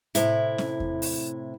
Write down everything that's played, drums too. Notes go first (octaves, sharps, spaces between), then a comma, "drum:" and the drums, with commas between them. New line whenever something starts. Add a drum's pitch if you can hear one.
A2 C3 E4, drum: hi-hat
drum: snare
drum: kick E2
drum: open hi-hat